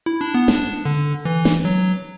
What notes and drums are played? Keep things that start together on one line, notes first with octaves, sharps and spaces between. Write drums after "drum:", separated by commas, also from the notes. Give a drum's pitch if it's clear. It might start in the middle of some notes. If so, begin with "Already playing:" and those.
E4
D4
B3
D4, drum: snare
D3
E3
drum: snare
F#3